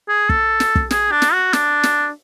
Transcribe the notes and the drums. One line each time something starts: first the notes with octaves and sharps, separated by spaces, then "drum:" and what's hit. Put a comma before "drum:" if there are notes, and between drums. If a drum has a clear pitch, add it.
G#4
A4, drum: kick
drum: snare
drum: kick
G#4, drum: snare
D4
drum: snare
F#4
D4, drum: snare
drum: snare